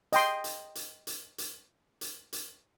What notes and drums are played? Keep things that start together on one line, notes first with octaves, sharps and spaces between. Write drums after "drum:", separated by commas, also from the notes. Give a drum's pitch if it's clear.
D#5 G5 C6, drum: hi-hat
drum: hi-hat
drum: hi-hat
drum: hi-hat
drum: hi-hat
drum: hi-hat
drum: hi-hat